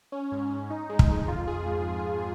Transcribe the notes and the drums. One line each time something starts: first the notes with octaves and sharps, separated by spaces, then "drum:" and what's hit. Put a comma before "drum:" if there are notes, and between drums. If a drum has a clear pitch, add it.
C#4
G#2
C#4
D#4
G#3
drum: kick
F2
F4
G#4
G#2